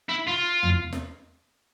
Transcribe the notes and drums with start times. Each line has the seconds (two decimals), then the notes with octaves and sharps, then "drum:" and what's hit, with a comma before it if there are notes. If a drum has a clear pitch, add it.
0.09 E4
0.28 F4
0.63 drum: tom E2
0.92 drum: snare